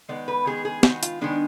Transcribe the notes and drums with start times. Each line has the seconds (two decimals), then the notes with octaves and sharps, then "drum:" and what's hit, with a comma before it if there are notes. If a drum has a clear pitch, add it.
0.08 D#3 G#3 B3 D5
0.28 B4
0.46 D#3 G#3 B3 G#4
0.65 G#4
0.83 D#3 G#3 B3 F#4, drum: snare
1.03 F4, drum: hi-hat
1.21 D#3 G#3 B3 D4